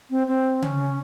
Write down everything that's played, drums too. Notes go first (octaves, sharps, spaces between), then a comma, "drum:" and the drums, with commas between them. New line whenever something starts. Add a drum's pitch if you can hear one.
C4
C4
C#4, drum: tom C#3